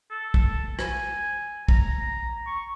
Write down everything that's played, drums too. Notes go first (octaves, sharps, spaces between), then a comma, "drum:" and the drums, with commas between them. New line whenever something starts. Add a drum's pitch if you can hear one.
A4
drum: kick
G#5, drum: rim click
A#5, drum: kick
C#6